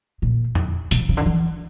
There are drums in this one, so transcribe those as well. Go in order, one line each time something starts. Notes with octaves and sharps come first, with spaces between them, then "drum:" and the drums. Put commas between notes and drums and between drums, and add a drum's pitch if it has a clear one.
A#2
drum: tom E2
B2, drum: hi-hat
C3
C#3
D3
E3